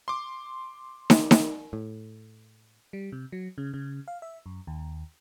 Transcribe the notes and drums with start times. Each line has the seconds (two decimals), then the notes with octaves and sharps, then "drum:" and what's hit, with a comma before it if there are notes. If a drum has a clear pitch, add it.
0.08 C6 D6
1.10 drum: snare
1.31 drum: snare
1.73 A2
2.93 G3
3.12 C3
3.32 F#3
3.58 C#3
3.74 C#3
4.08 F5
4.22 E5
4.46 F#2
4.67 D#2